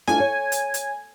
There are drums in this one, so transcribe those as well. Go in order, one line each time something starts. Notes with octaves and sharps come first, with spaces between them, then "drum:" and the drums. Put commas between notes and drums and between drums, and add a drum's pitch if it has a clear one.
A3 D4 F4 G#5, drum: snare E4
C#5
drum: hi-hat
drum: hi-hat